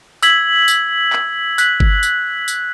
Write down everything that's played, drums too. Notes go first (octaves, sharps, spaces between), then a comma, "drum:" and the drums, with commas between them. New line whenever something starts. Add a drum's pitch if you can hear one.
E6 G#6 B6 F#7, drum: tambourine
drum: tambourine
drum: clap
F#6 B6 F#7, drum: tambourine
drum: kick G1
drum: tambourine
drum: tambourine